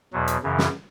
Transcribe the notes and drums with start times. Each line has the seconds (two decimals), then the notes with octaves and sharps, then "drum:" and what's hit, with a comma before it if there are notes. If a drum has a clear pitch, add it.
0.13 E2 B2 F#3
0.28 drum: hi-hat
0.43 F#2 C#3 E3
0.58 drum: snare